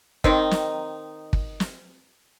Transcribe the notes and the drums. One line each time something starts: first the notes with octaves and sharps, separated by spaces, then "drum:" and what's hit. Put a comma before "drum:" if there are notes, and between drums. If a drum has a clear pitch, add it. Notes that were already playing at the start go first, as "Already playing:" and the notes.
D#3 C4 D#4, drum: kick
drum: snare
drum: kick
drum: snare